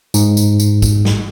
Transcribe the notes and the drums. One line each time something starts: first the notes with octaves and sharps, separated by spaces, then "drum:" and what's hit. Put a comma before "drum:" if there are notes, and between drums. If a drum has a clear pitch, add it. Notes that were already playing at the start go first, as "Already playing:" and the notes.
G#2, drum: tambourine
drum: tambourine
drum: tambourine
drum: kick, tambourine
drum: snare